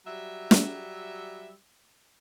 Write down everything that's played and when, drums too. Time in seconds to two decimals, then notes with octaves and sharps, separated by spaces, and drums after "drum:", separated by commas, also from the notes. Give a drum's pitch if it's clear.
0.07 F#3 G3 E5
0.51 drum: snare